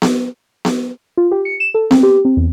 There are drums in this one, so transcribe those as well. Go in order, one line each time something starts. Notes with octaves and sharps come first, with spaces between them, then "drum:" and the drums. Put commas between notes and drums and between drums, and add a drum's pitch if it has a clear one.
drum: snare B3
drum: snare B3
F4
G4
C#7
E7
A4
C4, drum: snare B3
G4
C4
E2